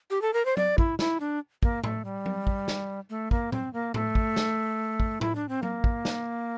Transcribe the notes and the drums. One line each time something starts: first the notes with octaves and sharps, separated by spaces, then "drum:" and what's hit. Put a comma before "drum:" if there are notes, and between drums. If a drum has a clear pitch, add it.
G4
A4
A#4
C5
D5, drum: tom F#3
E4, drum: kick
E4, drum: snare
D4
A#3, drum: kick
A3, drum: tom A2
G3
drum: tom F#3
drum: kick
drum: snare
A3
A#3, drum: kick
C4, drum: tom A#2
A#3
A3, drum: tom A2
drum: kick
drum: snare
drum: kick
E4, drum: tom A2
D4
C4
A#3, drum: tom F#3
drum: kick
drum: snare